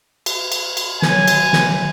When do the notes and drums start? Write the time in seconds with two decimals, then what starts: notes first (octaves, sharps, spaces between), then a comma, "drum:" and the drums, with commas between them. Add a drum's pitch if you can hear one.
0.26 drum: cymbal
0.52 drum: cymbal
0.77 drum: cymbal
1.02 F#3 G#5, drum: snare
1.28 drum: cymbal
1.53 drum: snare